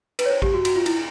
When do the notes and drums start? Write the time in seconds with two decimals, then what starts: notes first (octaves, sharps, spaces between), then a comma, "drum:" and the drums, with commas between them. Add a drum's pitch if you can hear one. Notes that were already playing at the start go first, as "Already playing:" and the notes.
0.19 B4, drum: cymbal
0.26 C#5
0.31 C5
0.42 G4, drum: kick A1
0.54 F#4
0.65 F#4, drum: cymbal
0.76 F4
0.86 E4, drum: cymbal